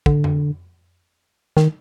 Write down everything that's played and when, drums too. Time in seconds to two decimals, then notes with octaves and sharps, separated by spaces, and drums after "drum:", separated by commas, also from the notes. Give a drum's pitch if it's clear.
0.06 D3, drum: kick
0.24 drum: tom F2
1.57 D#3, drum: snare